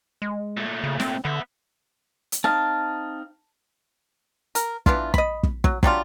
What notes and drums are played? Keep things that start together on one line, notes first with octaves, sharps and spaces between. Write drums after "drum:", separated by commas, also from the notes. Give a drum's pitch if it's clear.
G#3
A#2 A3
C#3
C4, drum: snare
D3 B3 E5
drum: hi-hat
C4 D#4 F5 A5
A#4, drum: hi-hat
E3 B3 D4 F4, drum: kick
D#5 B5, drum: kick
drum: kick
F#3, drum: kick
F#3 G3 D4 F4, drum: kick